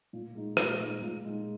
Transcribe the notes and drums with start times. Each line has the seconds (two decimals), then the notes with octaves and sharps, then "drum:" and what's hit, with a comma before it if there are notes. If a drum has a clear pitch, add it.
0.13 A#2
0.35 G#3 D#4
0.57 A#2, drum: rim click
0.81 G#3 D#4
1.02 A#2
1.25 G#3 D#4 G#4